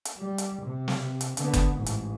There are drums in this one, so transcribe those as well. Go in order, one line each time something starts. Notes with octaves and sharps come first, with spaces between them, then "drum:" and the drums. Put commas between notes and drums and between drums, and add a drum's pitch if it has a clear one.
drum: hi-hat
G3
drum: hi-hat
C3
drum: snare
drum: hi-hat
D3 B3, drum: hi-hat
drum: kick F#1, hi-hat
A1 G#2
drum: hi-hat